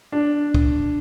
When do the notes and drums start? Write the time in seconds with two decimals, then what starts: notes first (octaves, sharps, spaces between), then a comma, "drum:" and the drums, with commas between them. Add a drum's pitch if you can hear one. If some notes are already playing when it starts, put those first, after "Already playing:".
0.12 D4
0.55 drum: kick